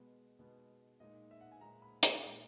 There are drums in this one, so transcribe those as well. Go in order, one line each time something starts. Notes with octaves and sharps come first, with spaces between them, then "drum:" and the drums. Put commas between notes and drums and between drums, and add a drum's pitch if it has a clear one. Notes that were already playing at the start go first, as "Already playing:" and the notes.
Already playing: B2 G#3 B3
B2 G#3 B3
A#2 G#3 D#4 D#5
E5
F#5
G#5
A#2 G#3 D#4 A#5
B5
C#6, drum: hi-hat
A#2 G#3 D#4